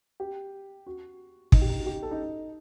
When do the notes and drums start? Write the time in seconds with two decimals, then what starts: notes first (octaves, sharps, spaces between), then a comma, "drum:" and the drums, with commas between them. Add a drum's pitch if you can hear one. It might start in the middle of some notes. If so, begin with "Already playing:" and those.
0.20 G4
0.87 F#4
1.52 D#4, drum: kick
1.61 G4
1.70 D#4
1.78 F#4
1.86 G4
2.03 A4
2.11 D#4